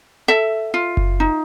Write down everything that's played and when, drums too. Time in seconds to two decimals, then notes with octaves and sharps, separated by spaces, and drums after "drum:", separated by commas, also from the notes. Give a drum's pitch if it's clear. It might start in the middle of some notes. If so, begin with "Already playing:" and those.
0.28 A4 E5
0.74 F4
0.97 drum: kick F#1
1.20 D#4